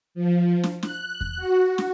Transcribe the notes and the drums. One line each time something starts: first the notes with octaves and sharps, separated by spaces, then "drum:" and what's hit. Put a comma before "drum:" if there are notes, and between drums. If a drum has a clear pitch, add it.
F3
drum: snare
F#6, drum: snare
drum: kick E2
F#4
drum: snare